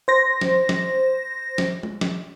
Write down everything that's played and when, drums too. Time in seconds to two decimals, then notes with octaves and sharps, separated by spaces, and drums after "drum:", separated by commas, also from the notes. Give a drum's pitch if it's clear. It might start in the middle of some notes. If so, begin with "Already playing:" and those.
0.08 C5 A#6
0.41 drum: snare
0.69 drum: snare
1.58 drum: snare
1.83 drum: tom G#3
2.01 drum: snare